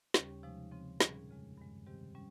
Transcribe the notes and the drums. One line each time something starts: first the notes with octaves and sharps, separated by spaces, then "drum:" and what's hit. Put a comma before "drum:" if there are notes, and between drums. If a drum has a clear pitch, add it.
D#2 C#3 G3 C#4 G4, drum: snare
C3 F3 G#3 D#4
C#3 F3 C4
A#2 G3 C#4 G#4, drum: snare
F2 C#3 G#3
G2 D#3 G#3
C3 D#3 G3 C4 G4
G3 C#4